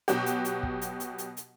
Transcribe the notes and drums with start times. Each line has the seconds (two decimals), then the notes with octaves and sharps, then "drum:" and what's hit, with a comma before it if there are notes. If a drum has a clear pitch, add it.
0.08 B2 F#3 F#4 G4, drum: hi-hat
0.26 drum: hi-hat
0.45 drum: hi-hat
0.63 drum: kick
0.81 drum: hi-hat
1.00 drum: hi-hat
1.18 drum: hi-hat
1.37 drum: hi-hat